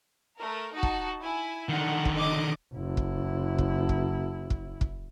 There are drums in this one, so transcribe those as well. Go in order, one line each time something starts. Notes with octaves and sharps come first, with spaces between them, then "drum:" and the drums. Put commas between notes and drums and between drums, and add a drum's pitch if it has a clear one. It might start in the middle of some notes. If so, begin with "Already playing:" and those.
A3 A#4
D#4 F#4 A5
drum: kick
E4 G#5
D3 D#3 F#5
drum: kick
D#5 D6
F#1 E4
drum: kick
drum: kick
drum: kick
drum: kick
drum: kick